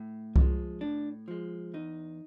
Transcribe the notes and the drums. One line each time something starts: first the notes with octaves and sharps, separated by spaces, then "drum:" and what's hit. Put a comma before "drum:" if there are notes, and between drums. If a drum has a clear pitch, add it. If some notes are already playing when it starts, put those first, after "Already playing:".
Already playing: A2
F3 G#3, drum: kick C2
A2 D4
F3 G#3
E2 D#4